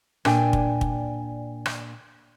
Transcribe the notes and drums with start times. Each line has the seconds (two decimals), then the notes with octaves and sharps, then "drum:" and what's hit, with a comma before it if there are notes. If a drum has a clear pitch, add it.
0.25 A#2 D4 G5 G#5, drum: rim click
0.53 drum: kick
0.81 drum: kick
1.66 drum: rim click